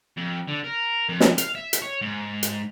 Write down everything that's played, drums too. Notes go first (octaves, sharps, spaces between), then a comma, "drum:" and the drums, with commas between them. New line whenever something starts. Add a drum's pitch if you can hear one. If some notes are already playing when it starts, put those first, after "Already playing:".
F2
D3
A#4
F2
drum: snare
F5, drum: hi-hat
E5
drum: hi-hat
C#5
G#2
drum: hi-hat